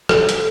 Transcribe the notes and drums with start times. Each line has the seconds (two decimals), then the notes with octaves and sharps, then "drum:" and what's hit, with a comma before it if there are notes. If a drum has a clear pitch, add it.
0.09 A4, drum: rim click
0.29 drum: hi-hat